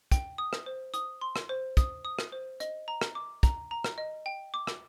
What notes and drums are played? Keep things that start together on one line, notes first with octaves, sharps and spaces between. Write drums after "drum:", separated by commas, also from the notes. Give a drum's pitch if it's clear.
G5, drum: kick, hi-hat
D#6
drum: rim click
C5
D#6, drum: hi-hat
C6
drum: rim click
C5
D#6, drum: kick, hi-hat
D#6
drum: rim click
C5
D#5, drum: hi-hat
A#5
drum: rim click
D6
A#5, drum: kick, hi-hat
A#5
drum: rim click
D#5
G5
D6
drum: rim click